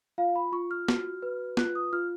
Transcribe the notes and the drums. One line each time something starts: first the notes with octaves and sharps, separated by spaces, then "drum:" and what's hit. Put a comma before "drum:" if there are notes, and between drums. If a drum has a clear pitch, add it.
F4 F5
B5
F4 C#6
F6
F#4, drum: snare
B4
F4 F#6, drum: snare
D#6
F4 F6